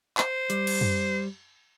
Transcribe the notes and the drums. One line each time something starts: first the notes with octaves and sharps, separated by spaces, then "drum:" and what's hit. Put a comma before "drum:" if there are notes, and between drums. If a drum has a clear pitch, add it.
C5, drum: clap
G3, drum: hi-hat
drum: cymbal
drum: tom F#2